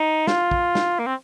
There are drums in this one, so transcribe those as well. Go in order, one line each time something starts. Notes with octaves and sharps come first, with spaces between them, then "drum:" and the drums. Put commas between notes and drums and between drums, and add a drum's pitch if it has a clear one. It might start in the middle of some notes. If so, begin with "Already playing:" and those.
Already playing: D#4
F4, drum: snare
drum: kick
drum: snare
A#3
C4